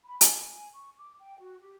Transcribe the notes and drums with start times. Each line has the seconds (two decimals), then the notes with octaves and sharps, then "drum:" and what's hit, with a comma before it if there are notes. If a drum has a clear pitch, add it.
0.05 B5
0.21 G#5, drum: hi-hat
0.73 C#6
0.98 D6
1.20 G5
1.39 F#4
1.60 G4